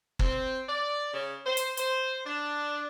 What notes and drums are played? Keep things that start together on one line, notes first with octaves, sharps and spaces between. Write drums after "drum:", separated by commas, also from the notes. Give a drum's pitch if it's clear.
C4, drum: kick
D5
C#3
C5
drum: hi-hat
C5, drum: hi-hat
D4